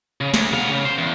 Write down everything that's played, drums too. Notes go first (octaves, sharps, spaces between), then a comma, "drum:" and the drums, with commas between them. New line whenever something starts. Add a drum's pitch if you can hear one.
C#3
D2, drum: snare
B3 F5, drum: rim click
C#3
C5
E2